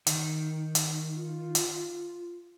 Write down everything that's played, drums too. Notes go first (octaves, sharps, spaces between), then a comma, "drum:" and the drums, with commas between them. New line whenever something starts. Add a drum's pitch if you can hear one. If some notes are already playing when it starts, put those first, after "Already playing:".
D#3, drum: hi-hat
drum: hi-hat
F4
drum: hi-hat